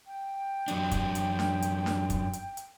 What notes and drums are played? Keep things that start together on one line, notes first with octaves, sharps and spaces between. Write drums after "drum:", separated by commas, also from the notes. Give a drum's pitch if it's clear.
G5
F#2 F#3 D4, drum: hi-hat
drum: kick, hi-hat
drum: hi-hat
drum: snare D4
drum: hi-hat
drum: snare D4
drum: kick, hi-hat
drum: hi-hat
drum: hi-hat